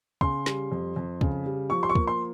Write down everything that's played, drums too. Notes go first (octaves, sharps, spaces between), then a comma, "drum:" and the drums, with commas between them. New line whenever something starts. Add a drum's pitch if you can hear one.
C#3 C6, drum: kick
G3, drum: snare
F2
F2
C#3, drum: kick
G3
F3 C#6
C6
C#6
A#3, drum: kick
C6